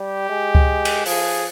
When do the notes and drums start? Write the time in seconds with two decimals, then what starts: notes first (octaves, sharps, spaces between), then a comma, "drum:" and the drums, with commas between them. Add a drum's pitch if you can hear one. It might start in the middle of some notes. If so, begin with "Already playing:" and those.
Already playing: G3 G4
0.30 G#3
0.55 drum: kick C#2
0.85 drum: cymbal
1.06 F3 G#4, drum: open hi-hat